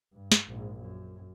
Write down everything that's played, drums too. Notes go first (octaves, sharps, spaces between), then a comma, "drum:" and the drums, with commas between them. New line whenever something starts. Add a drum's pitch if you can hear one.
G2
drum: snare
A#1 G#2
F#2